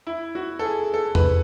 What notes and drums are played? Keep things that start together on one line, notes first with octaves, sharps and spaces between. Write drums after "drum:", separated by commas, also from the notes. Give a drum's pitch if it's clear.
E4
F#4
A4
G#4
A4
B4, drum: tom E2